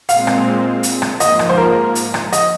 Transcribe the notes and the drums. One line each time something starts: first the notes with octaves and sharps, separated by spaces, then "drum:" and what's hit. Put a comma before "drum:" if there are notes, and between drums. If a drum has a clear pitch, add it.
A#2 G#3 C4 F5, drum: hi-hat
drum: rim click
drum: hi-hat
drum: rim click
G#2 F3 A#3 D#5, drum: hi-hat
drum: rim click
C5
A#4
drum: hi-hat
drum: rim click
D#5, drum: hi-hat